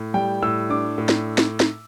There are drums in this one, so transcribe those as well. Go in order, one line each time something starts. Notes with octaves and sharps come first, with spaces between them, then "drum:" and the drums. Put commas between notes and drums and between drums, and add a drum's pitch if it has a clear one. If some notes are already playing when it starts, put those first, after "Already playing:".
Already playing: A2
G3 G5
A2 E6
D4 D6
A2
drum: snare
drum: snare
drum: snare